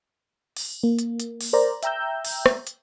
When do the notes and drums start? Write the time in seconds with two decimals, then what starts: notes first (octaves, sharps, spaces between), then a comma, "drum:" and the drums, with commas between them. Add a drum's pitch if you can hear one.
0.57 drum: open hi-hat
0.83 A#3
0.99 drum: hi-hat
1.20 drum: hi-hat
1.41 drum: open hi-hat
1.53 A#4 C5 D5 A#5
1.83 E5 G5 A#5 E6 G6, drum: hi-hat
2.25 drum: open hi-hat
2.46 drum: rim click
2.67 drum: hi-hat